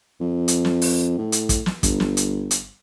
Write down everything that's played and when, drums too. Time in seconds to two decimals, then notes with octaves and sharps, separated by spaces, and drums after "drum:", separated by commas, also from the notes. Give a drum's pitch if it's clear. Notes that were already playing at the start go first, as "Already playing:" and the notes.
0.21 F2
0.48 drum: hi-hat
0.65 drum: snare
0.82 drum: open hi-hat
1.18 A2
1.32 drum: hi-hat
1.49 drum: kick, hi-hat
1.66 drum: snare
1.83 G1, drum: kick, hi-hat
2.00 drum: snare
2.17 drum: hi-hat
2.51 drum: hi-hat